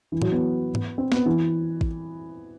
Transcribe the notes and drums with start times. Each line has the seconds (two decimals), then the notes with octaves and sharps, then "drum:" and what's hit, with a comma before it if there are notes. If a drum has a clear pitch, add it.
0.12 E3
0.22 F#3, drum: tom A2
0.32 B3
0.75 drum: tom G#2
0.98 C4
1.12 B3, drum: snare
1.26 E3
1.81 drum: kick